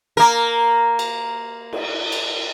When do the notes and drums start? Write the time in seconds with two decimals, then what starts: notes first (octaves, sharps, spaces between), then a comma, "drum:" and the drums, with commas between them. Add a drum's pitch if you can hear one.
0.17 A#3 A#4
0.99 drum: cymbal
1.73 drum: cymbal
2.12 drum: cymbal